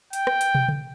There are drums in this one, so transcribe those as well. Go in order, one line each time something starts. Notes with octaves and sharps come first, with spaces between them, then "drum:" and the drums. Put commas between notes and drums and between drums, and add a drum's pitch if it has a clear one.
G5, drum: hi-hat
drum: rim click
drum: hi-hat
drum: tom
drum: tom C#3